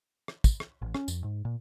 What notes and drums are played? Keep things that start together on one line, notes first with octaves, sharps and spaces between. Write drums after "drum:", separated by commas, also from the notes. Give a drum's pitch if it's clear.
drum: rim click
drum: kick, tambourine
drum: rim click
A1
C#4, drum: rim click
F2, drum: tambourine
G#2
A#2